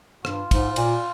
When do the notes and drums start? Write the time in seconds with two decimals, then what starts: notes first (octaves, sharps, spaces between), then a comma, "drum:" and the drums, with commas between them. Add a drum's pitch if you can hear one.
0.25 G2 F4, drum: rim click
0.51 G#2, drum: kick, cymbal
0.76 A#2, drum: cymbal